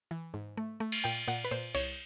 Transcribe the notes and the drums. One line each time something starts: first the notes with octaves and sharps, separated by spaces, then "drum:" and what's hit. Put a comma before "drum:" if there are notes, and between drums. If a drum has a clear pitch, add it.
E3
G#2
A3
A3
drum: cymbal
A#2 G5
A#2 F#5
B4
A#2 C5
C2 C#5, drum: cymbal